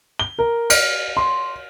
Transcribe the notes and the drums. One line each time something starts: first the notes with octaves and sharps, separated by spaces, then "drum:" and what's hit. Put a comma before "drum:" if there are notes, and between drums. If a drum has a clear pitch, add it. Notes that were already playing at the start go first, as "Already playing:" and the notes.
G7
A#4
F6, drum: cymbal
C6